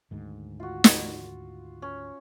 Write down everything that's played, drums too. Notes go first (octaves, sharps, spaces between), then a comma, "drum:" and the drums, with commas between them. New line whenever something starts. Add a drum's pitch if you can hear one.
D2 G#2 D#3
F4 F#4
drum: snare
C#4